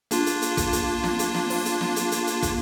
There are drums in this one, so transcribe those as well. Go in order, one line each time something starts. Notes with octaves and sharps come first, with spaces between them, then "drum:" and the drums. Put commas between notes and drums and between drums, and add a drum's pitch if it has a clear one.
A#3 D4 F4, drum: hi-hat
drum: hi-hat
drum: hi-hat
drum: kick, hi-hat
drum: hi-hat
drum: snare
drum: hi-hat
drum: snare
drum: open hi-hat
drum: hi-hat
drum: snare
drum: hi-hat
drum: hi-hat
drum: hi-hat
drum: kick, hi-hat